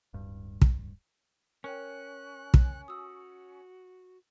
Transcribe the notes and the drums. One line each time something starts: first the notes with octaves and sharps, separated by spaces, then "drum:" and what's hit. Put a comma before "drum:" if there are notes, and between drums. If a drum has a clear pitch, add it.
D1 G2
drum: kick
C#4 A#4 C#5 G5 F#6
drum: kick
F#4 D#6 E6